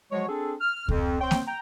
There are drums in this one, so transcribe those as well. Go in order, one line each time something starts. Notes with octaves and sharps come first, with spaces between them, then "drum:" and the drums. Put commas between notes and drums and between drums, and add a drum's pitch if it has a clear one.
F3 F#3 G#3 F#4 C#5
C4 D4 G#4 A4
F6
F2, drum: kick C#2
C4 C5 C#5 G5
drum: snare A#3
G5 A#5